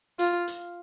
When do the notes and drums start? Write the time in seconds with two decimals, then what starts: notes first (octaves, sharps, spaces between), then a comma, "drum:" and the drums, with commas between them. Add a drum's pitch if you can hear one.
0.19 F4, drum: hi-hat
0.48 drum: hi-hat